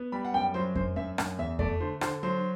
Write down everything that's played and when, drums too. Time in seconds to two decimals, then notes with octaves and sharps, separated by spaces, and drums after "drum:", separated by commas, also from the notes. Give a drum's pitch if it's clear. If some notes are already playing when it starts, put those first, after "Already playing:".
Already playing: B3
0.12 G3 B5
0.25 F#5
0.34 F#2 G5
0.54 F#3 C5
0.75 F#2 C5, drum: kick F2
0.96 F#2 E5
1.18 F#2, drum: rim click
1.38 E2 E5
1.59 A3 D5, drum: kick F2
1.80 D3 C5
2.01 D3 C5, drum: rim click
2.23 F#3 C5